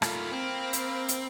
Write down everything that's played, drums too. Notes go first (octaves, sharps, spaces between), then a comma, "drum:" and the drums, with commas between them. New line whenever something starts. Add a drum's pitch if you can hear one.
A3 A#3 F4 F5 B5, drum: rim click
C4
drum: hi-hat
drum: hi-hat